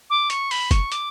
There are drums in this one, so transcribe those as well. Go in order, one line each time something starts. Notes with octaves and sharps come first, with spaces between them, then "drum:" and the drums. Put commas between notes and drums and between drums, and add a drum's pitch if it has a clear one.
D6
C#6, drum: hi-hat
B5, drum: open hi-hat
C#6, drum: kick, hi-hat
D6, drum: hi-hat